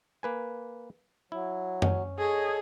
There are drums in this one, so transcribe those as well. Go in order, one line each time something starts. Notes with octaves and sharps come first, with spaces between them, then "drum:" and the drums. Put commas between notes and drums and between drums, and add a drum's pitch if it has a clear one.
A#3 B4 G#5
F#3 E4
C#4, drum: tom F#2
G#4 A4 C#5 D#5